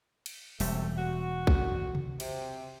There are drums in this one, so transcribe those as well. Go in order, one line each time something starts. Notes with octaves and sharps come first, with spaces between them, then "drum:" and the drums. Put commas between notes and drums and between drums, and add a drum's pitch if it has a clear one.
drum: cymbal
E1 F#2 C3 G3 A3, drum: open hi-hat
F#4
drum: kick
drum: tom C3
C3, drum: cymbal